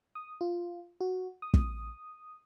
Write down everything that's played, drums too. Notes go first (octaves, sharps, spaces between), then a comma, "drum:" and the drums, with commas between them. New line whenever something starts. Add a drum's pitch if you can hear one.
D#6
F4
F#4
D#6
drum: kick